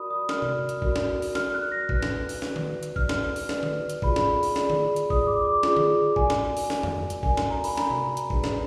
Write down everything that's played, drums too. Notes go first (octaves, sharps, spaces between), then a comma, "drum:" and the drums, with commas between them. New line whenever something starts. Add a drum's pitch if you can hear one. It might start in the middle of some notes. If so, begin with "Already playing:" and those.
Already playing: F#4 A#4 D5 B5 D#6
D#6
F#4 A#4 D5 F6, drum: snare
drum: tom C3
drum: hi-hat
F#4 A#4 D5, drum: kick
drum: snare
drum: open hi-hat
F#4 A#4 D5 F6, drum: snare
F#6
A#6
F#4 B4 D5 F#6, drum: kick
drum: snare
drum: open hi-hat
F#4 B4 D5, drum: snare
drum: tom D3
drum: hi-hat
F#4 B4 D5 F6, drum: kick
drum: snare
drum: open hi-hat
F#4 B4 D5, drum: snare
drum: tom D3
drum: hi-hat
F4 G#4 D5 B5, drum: kick
drum: snare
drum: open hi-hat
F4 G#4 D5, drum: snare
drum: tom D3
drum: hi-hat
F4 G#4 D5 D#6, drum: kick
D6
D6
F4 G#4 D5, drum: snare
drum: tom D3
F#4 A#4 D5 G#5, drum: kick
drum: snare
drum: open hi-hat
F#4 A#4 D5, drum: snare
drum: tom F2
drum: hi-hat
F#4 A#4 D5 G#5, drum: kick
G#5, drum: snare
A#5
B5, drum: open hi-hat
F#4 A#4 D5 A#5, drum: snare
drum: tom C3
drum: hi-hat
D4 G#4 B4 D5, drum: kick
drum: snare